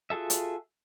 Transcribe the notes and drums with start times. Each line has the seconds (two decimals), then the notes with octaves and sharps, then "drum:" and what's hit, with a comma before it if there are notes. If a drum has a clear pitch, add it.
0.10 F4 F#4 G#4 A4 E5
0.30 drum: hi-hat